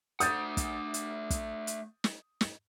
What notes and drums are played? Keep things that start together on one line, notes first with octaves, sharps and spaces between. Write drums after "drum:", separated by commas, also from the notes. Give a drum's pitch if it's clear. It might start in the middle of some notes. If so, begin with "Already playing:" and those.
A3 F#5 D#6 G6 A6, drum: hi-hat
drum: kick, hi-hat
drum: hi-hat
drum: kick, hi-hat
drum: hi-hat
drum: snare
drum: snare